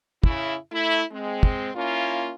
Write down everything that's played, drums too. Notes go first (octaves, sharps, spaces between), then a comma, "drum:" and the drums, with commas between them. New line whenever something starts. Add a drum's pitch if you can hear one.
C#3 E4, drum: kick
A3 E4
G#3 C4
drum: kick
A#3 C#4 E4 F4